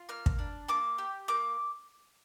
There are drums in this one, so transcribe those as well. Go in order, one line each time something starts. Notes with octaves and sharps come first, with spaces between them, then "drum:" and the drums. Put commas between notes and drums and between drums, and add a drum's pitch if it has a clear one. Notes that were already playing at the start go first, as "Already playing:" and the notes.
Already playing: F4
A#3 F6
drum: kick
D4
A#3 D6
G4
A#3 D6